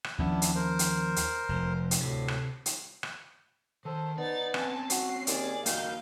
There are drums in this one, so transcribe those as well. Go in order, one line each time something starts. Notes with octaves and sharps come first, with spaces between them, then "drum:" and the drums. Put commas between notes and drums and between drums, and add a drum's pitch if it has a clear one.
drum: rim click
D#2 F3 B3 C#4 D4 E4
drum: hi-hat
A#4 C5
drum: hi-hat
drum: hi-hat
F1 F2
drum: hi-hat
D2 A2 C3
drum: rim click
drum: hi-hat
drum: rim click
D#3 A4 C5
B3 D#4 D5 A6
C4 C#4 G#5 A5, drum: rim click
F#4 C7, drum: hi-hat
D#2 G#4 D5, drum: hi-hat
D#3 A#3 D#4 F#4 F5 G6, drum: hi-hat